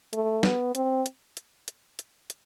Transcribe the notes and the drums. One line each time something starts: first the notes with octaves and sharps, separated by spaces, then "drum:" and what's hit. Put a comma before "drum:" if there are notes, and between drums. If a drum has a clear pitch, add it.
A3, drum: hi-hat
B3, drum: snare
C4, drum: hi-hat
drum: hi-hat
drum: hi-hat
drum: hi-hat
drum: hi-hat
drum: hi-hat